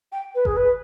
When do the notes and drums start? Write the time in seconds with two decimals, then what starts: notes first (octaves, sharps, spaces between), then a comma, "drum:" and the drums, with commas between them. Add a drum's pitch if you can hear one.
0.12 G5
0.34 B4
0.45 G#4, drum: kick G1
0.56 B4